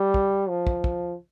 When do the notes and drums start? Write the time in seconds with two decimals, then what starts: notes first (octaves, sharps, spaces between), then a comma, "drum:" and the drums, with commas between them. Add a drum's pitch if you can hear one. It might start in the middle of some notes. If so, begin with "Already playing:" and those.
Already playing: G3
0.14 drum: kick
0.49 F3
0.67 drum: kick
0.84 drum: kick